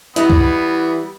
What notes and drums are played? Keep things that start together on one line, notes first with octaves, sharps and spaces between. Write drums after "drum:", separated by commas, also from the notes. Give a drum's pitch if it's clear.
E3 G3 B3 E4 D#5, drum: hi-hat
drum: kick C2